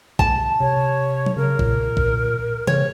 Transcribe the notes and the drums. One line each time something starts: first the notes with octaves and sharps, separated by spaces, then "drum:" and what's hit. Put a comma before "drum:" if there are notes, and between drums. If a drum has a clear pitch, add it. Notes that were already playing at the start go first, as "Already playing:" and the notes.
A5, drum: kick
C3 C#5
drum: tom F#3
C#3 A#4
A#2, drum: kick
drum: kick
C#3 C#5, drum: tom